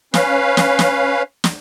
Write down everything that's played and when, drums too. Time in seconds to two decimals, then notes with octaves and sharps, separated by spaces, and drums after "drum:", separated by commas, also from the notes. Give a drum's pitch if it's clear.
0.14 C#4 B4 F5, drum: snare
0.57 drum: snare
0.79 drum: snare
1.44 drum: snare